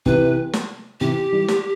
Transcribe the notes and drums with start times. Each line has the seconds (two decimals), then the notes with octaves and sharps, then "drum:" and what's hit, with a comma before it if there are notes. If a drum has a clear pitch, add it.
0.06 C3 E3 B4, drum: kick
0.53 drum: snare
1.01 C3 E3 G4
1.32 E3 G3
1.48 drum: snare